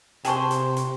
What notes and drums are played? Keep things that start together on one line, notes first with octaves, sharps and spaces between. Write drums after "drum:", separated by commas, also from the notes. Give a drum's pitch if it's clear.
C3 G#4 C5 G5 A5 C#6, drum: hi-hat
drum: hi-hat
drum: hi-hat